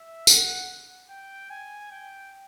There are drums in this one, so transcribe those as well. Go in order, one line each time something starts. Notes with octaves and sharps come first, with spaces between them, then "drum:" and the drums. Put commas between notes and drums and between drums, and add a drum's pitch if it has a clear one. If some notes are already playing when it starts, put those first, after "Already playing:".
Already playing: E5
F#5, drum: tambourine
G5
G#5
G5